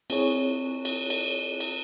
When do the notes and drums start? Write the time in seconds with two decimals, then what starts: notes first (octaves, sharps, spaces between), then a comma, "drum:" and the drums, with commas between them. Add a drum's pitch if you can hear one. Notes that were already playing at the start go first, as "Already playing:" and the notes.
0.10 C4 E4 G#4 C#5, drum: cymbal
0.85 drum: cymbal
1.10 drum: cymbal
1.60 drum: cymbal